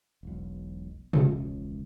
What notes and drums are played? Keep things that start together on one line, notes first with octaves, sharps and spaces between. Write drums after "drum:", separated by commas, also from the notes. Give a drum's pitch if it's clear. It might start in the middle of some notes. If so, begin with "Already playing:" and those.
E1 B1
E1 C#2 F3 C#4, drum: tom